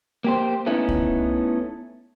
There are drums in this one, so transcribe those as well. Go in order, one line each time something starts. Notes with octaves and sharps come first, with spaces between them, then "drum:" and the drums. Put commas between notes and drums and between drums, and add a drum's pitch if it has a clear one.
A#3 G4 C5
A3 B3 C#4 D#4 E4
drum: kick C2